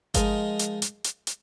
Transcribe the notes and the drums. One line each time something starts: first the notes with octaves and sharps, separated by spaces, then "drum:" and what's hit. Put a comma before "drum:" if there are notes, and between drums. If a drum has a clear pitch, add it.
F3 G#3 D#4 A#4 D#5, drum: kick G1, hi-hat
drum: hi-hat
drum: hi-hat
drum: hi-hat
drum: hi-hat